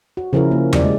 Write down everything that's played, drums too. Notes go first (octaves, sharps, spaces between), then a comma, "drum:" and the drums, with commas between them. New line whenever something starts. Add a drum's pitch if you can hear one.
F#4
C#3 F3 C#4 E4 A#4
A#3
G4 D5, drum: tom E2
G#3